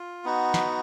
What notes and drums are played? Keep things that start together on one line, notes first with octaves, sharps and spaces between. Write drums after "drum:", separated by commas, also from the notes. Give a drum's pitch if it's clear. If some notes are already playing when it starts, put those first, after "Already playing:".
Already playing: F4
B3 D#4 F#4
drum: snare